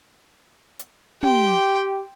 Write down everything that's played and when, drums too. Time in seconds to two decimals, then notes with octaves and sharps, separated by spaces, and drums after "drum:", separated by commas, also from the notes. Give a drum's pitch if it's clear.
0.79 drum: hi-hat
1.23 G4 G5 C6, drum: tom